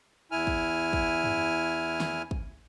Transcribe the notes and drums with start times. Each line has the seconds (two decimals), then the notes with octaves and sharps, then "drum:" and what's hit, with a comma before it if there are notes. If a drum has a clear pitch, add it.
0.32 E2 E4 G#5 F6
0.47 drum: kick
0.93 drum: kick
1.24 drum: tom F#2
2.00 drum: snare
2.31 drum: kick